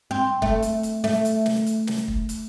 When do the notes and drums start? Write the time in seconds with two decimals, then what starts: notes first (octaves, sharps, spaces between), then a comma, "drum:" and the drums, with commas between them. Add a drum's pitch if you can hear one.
0.11 C4
0.42 A3, drum: kick
0.62 drum: hi-hat
0.83 drum: hi-hat
1.04 A3, drum: snare
1.25 drum: hi-hat
1.46 drum: snare
1.66 drum: hi-hat
1.87 drum: snare
2.08 drum: kick
2.29 drum: hi-hat